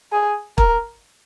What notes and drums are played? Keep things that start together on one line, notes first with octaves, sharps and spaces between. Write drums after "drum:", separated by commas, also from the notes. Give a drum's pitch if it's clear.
G#4
A#4, drum: kick